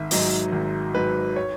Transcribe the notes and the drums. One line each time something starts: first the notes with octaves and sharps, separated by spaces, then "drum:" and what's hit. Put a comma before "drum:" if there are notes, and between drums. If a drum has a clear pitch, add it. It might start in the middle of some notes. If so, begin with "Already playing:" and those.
Already playing: G#1 E5
G#2 F#3 D#5, drum: open hi-hat
G#1
G#2 F#3 B4
C#5